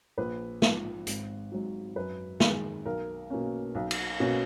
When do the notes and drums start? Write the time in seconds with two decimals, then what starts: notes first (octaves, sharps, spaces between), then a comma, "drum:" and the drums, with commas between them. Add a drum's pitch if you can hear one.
0.18 A#1 B4
0.62 G#2 F3, drum: snare
1.07 G#1, drum: hi-hat
1.52 G#2 F#3
1.96 F#2 B4
2.40 D#3 G#3, drum: snare
2.85 B1 A#4
3.30 B2 A#3 C#4
3.75 B1
3.91 drum: cymbal
4.20 B2 A#3 C#4